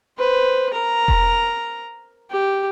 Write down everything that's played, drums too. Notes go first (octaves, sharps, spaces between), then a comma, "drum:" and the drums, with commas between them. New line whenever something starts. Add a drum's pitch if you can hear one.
B4 C5
A#4 A#5
drum: kick E1
G4